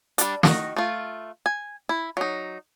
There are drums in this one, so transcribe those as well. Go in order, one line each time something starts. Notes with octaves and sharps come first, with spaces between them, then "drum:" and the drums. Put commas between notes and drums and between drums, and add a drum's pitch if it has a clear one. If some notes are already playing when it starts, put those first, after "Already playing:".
G3 D4, drum: hi-hat
D#3 F#4 D#5, drum: snare
A3 F4
G#5
E4
F#3 D#4